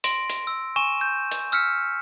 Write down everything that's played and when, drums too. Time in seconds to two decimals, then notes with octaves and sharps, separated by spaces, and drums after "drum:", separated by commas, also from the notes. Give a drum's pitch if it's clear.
0.04 C6 A#6 D7, drum: hi-hat
0.30 drum: hi-hat
0.47 E6
0.76 G#5 C#6 D#7 E7
1.01 G6
1.31 drum: hi-hat
1.52 E6 F6 B6 C#7